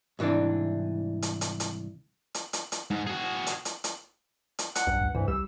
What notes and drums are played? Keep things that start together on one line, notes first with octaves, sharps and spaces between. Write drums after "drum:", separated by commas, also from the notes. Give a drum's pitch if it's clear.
C2 G#2 E3 C4 D4
drum: hi-hat
drum: hi-hat
drum: hi-hat
drum: hi-hat
drum: hi-hat
drum: hi-hat
G#2
F#4 G#4
drum: hi-hat
drum: hi-hat
drum: hi-hat
drum: hi-hat
F#5, drum: hi-hat
B1 G2
C#2
C2 G2 E3
C2 G3 E6